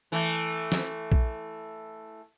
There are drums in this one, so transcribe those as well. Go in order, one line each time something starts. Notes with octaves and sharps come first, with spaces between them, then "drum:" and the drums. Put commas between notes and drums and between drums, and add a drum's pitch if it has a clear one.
E3 A3
drum: snare
drum: kick A#1